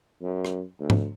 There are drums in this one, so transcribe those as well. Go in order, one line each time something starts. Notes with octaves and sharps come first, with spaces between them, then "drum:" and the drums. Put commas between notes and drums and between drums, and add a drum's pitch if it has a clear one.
F#2
drum: rim click
D2
drum: tom G#2